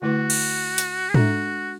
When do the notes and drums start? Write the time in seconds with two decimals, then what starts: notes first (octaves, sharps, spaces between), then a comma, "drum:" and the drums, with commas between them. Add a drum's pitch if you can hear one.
0.02 D3 A3 E4 F#4 B4
0.30 drum: cymbal
0.78 drum: hi-hat
1.09 G#4
1.14 G#3 D4 F#4 A4 E5, drum: tom